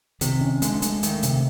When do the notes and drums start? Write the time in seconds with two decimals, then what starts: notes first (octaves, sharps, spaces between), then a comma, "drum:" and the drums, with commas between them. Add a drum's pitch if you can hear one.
0.21 C3 D#3, drum: hi-hat
0.41 C#4
0.62 D2 D3 G#3, drum: hi-hat
0.82 G#3, drum: hi-hat
1.03 D#2 D#3 A3, drum: hi-hat
1.23 C3, drum: hi-hat